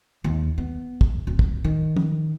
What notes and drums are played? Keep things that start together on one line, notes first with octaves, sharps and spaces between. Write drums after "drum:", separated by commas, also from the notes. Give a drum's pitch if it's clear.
D#2
B3
drum: kick
D1
drum: kick
D#3
drum: tom